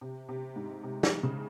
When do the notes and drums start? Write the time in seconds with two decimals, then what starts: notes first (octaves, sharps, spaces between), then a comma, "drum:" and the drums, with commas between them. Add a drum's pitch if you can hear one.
0.01 C3
0.29 C3
0.56 G#2
0.84 C3
1.03 drum: snare
1.23 C#3